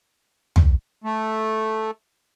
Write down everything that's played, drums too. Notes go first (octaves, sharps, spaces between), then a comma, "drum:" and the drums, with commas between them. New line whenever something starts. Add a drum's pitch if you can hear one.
drum: tom
A3